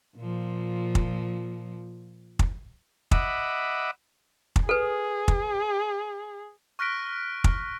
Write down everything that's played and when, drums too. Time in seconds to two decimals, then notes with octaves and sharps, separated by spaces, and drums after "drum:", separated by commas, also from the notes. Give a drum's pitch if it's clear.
0.17 A#2 F3
0.95 drum: kick
2.39 drum: kick
3.11 D#5 E5 F#5 B5 D6, drum: kick
4.56 drum: kick
4.69 G#4 A4 B4
5.28 drum: kick
6.79 C#6 F6 F#6 A#6 B6 D7
7.44 drum: kick